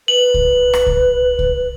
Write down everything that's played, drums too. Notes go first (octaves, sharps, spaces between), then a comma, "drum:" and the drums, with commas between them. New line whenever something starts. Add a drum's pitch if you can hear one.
B4 F#7
drum: kick C2
drum: rim click
drum: kick C2
drum: kick C2